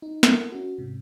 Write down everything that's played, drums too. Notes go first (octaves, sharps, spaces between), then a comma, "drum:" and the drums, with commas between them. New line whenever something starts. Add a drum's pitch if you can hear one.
D#4
E4 A4 A#4 E5 F#5, drum: snare
C#4 F#4
G#2 C3